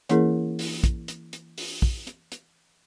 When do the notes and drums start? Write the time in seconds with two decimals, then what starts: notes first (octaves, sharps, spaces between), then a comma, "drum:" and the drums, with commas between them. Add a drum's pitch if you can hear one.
0.09 E3 A#3 C#4 E4 G#4 A#4, drum: hi-hat
0.59 drum: open hi-hat
0.84 drum: kick, hi-hat
1.08 drum: hi-hat
1.33 drum: hi-hat
1.58 drum: open hi-hat
1.82 drum: kick
2.07 drum: hi-hat
2.32 drum: hi-hat